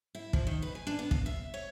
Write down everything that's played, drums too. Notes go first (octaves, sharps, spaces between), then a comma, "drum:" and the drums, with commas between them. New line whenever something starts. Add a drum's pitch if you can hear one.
E4
F3, drum: kick
D#3
B4
G#5
D4
B3
F5, drum: kick
E5
C#5